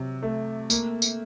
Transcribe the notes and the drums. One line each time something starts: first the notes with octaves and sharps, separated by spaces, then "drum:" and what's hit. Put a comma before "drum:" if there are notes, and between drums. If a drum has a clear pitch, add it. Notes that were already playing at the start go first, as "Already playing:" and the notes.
Already playing: C3 F#3
A3
A#3, drum: tambourine
drum: tambourine